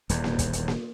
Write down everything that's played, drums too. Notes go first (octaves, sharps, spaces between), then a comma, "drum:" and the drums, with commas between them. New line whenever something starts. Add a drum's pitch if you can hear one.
D#1 E2, drum: hi-hat
drum: snare A#3
drum: kick, hi-hat
drum: hi-hat
drum: snare A#3